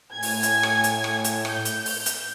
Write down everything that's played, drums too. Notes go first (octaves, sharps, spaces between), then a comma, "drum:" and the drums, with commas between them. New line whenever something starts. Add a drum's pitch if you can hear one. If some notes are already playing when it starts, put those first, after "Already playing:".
A2 G#5 G#6
drum: open hi-hat
drum: hi-hat
drum: rim click
drum: hi-hat
drum: rim click
drum: hi-hat
G6, drum: rim click
drum: hi-hat
drum: open hi-hat
drum: hi-hat